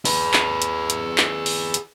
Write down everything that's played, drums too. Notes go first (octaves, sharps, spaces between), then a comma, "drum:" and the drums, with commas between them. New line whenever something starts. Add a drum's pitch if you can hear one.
G#4 B4, drum: open hi-hat
drum: clap
drum: hi-hat
drum: hi-hat
drum: clap
drum: open hi-hat
drum: hi-hat